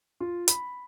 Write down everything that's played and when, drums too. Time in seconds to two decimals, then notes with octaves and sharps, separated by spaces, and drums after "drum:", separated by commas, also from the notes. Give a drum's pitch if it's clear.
0.20 F4
0.48 B5, drum: hi-hat